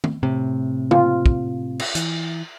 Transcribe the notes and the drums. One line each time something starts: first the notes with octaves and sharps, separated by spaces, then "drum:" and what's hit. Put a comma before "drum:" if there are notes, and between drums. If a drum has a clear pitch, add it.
drum: tom
A2 C3
F4, drum: tom C#3
drum: kick
drum: cymbal
E3, drum: hi-hat